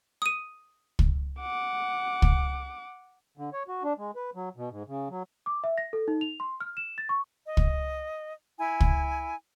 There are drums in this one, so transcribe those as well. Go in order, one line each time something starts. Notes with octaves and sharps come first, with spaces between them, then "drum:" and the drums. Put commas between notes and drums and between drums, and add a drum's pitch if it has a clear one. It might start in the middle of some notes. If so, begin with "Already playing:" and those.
D#6 D#7
drum: kick
F#5 D6
drum: kick
D3
C#5
F#4
D4
G#3
B4
F#3
B2
G#2
C#3
F#3
D6
E5
A#6
A4
D#4
F7
C6
F6
E7
A6
C#6
D#5
drum: kick
E4 G#5
drum: kick